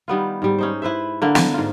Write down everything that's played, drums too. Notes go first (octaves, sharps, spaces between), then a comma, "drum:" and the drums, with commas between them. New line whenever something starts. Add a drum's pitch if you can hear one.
D#3 G3 B3 F4
G#2 G3
C#4 D#4 C5
E4 B4 C5 E5
D3 A#3 E4
drum: snare
G#2 F4